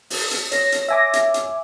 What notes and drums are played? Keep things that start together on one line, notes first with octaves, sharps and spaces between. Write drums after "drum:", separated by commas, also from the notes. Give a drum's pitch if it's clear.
drum: open hi-hat
drum: hi-hat
C#5 A#6, drum: hi-hat
drum: hi-hat
E5 G#5 D6
drum: hi-hat
drum: hi-hat